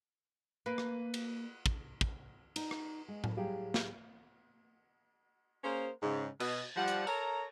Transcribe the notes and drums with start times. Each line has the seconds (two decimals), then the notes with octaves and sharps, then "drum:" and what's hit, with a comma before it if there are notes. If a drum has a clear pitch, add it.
0.66 A#3 B4
0.78 drum: rim click
1.14 drum: cymbal
1.66 drum: kick
2.01 drum: kick
2.56 D#4, drum: cymbal
2.71 drum: rim click
3.08 G#3
3.24 drum: tom A2
3.37 A2 F#3 G3 G4 G#4 F5
3.74 drum: snare
5.64 A#3 C#4 G#4 A#4 C5
6.03 G#2 C#3
6.40 B2 D#5, drum: cymbal
6.76 F3 G3 F#5
6.88 drum: hi-hat
7.07 A4 A#4 C#5 A#5, drum: tambourine